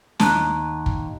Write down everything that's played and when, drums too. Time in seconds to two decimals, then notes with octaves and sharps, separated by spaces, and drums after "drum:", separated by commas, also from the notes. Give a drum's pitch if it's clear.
0.20 D#2 A5 A#5 F#6, drum: snare
0.86 drum: kick